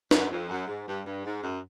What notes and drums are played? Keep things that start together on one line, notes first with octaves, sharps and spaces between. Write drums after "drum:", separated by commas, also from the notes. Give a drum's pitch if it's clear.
F#2, drum: snare
F2
F#2
G#2
G2
G2
G#2
F#2